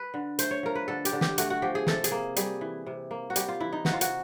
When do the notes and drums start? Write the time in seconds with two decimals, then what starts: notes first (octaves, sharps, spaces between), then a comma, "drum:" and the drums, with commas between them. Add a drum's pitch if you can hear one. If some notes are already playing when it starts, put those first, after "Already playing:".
Already playing: B4
0.14 D3
0.39 A3 C5, drum: hi-hat
0.51 C#5
0.63 F3 A#4
0.75 B4
0.88 D3 A4
1.05 G4, drum: hi-hat
1.13 D3
1.21 G4, drum: snare
1.38 A3 F#4, drum: hi-hat
1.50 F#4
1.62 F3 G4
1.75 G#4
1.87 C3 A4, drum: snare
2.04 G#4, drum: hi-hat
2.11 A#3
2.36 G3 G#4, drum: hi-hat
2.61 E3
2.86 C3
3.11 A#3
3.30 F#4
3.36 G3 G4, drum: hi-hat
3.49 F4
3.60 E3 E4
3.73 D#4
3.85 C3 F#4, drum: snare
3.93 F4
4.01 F#4, drum: hi-hat